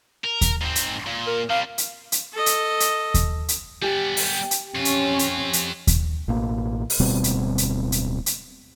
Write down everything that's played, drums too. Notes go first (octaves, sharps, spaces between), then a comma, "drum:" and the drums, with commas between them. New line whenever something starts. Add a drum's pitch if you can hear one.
A#4
drum: kick D#2, hi-hat
G#2 C4
drum: hi-hat
A#2
A#4
C3 G3 F5
drum: hi-hat
drum: hi-hat
A4 D#5
drum: hi-hat
drum: hi-hat
drum: kick D#2, hi-hat
drum: hi-hat
G3 B3 G4 G5 G#5
drum: open hi-hat
drum: hi-hat
F2 C#4 F4
drum: hi-hat
drum: hi-hat
drum: hi-hat
drum: kick D#2, hi-hat
A1 B2 A#3
drum: open hi-hat
D1 B2 G3 C4
drum: hi-hat
drum: hi-hat
drum: hi-hat
drum: hi-hat